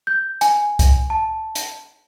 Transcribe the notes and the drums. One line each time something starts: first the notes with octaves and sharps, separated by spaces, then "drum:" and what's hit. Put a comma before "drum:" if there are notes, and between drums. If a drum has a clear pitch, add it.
G6
G#5, drum: hi-hat
drum: kick C2, hi-hat
A5
drum: hi-hat